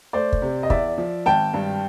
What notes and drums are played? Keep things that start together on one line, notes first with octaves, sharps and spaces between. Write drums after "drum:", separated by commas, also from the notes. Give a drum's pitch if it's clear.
A3 C5 D5
drum: kick
C3
D#5
E2 D5 E5, drum: kick
F3
G#1 G5 A5
G2